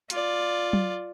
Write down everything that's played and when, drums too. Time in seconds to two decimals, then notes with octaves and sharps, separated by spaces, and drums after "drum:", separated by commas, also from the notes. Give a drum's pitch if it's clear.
0.10 F4 D5, drum: hi-hat
0.73 drum: tom F#3